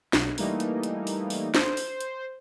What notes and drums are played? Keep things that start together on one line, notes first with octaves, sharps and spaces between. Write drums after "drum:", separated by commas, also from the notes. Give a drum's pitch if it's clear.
B1, drum: snare
E3 G3 A3 A#3 D#4, drum: open hi-hat
drum: hi-hat
drum: hi-hat
drum: open hi-hat
drum: open hi-hat
C5, drum: snare
drum: open hi-hat
drum: hi-hat